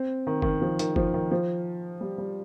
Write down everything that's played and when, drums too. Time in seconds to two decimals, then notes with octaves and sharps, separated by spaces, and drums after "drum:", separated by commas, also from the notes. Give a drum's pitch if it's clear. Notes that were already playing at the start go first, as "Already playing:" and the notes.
Already playing: C4
0.27 D#3
0.42 D#3, drum: kick
0.62 F3
0.79 D#3, drum: hi-hat
0.96 F3, drum: kick
1.14 D#3
1.32 F3
2.01 G3
2.18 G3